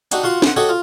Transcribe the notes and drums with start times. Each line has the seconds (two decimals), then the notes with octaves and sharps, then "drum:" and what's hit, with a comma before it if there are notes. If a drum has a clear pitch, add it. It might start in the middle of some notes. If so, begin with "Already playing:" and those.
0.11 D4 D#4 F#4 G4, drum: hi-hat
0.23 F4 F#4 C6
0.42 C5 F#5, drum: snare
0.56 F#4 G4 A4 C#5 D#5
0.69 F4